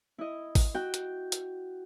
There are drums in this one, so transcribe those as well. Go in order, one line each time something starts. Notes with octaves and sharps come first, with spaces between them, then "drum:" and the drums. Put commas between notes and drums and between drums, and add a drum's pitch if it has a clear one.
E4 D#5
drum: kick G#1, open hi-hat
F#4 G5 G6
drum: hi-hat
drum: hi-hat